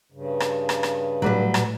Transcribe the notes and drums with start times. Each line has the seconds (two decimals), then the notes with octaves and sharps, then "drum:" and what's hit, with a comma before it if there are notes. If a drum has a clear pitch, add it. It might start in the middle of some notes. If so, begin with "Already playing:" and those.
0.12 G2 C#3
0.40 drum: rim click
0.69 drum: rim click
0.83 drum: rim click
1.22 A2 F#3 G3 B4
1.54 drum: rim click